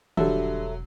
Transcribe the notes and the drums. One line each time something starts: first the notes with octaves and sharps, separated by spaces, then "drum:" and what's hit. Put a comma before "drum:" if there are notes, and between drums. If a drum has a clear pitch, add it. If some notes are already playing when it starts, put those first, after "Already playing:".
E1 D3 F#3 G3 A4 E5, drum: tom D#3